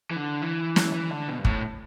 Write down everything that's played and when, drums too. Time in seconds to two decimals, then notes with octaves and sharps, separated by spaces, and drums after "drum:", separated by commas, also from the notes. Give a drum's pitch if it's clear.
0.11 E3
0.16 D3
0.42 E3
0.76 drum: snare
0.93 E3
1.10 D3
1.28 B2
1.39 G2
1.45 A2, drum: kick